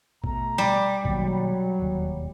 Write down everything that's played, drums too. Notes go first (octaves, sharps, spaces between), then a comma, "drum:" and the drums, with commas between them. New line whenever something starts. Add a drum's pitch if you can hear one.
B2 A3 A#5, drum: kick A1
G3
B2 D#3 F#3 A#3, drum: kick A1
E1 D#2